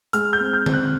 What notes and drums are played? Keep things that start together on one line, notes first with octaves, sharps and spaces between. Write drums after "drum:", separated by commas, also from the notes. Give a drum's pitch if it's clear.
G#3 F6, drum: hi-hat
G6
C4
G6
C4, drum: tom D3
F#6